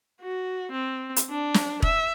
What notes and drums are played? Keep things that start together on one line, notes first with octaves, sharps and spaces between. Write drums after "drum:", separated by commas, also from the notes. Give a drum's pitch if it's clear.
F#4
C4
drum: hi-hat
D4
drum: snare
E5, drum: kick E1